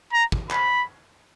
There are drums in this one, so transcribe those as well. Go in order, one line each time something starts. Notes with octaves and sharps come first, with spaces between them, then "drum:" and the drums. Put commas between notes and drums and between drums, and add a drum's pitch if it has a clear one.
A#5
drum: kick
B5, drum: clap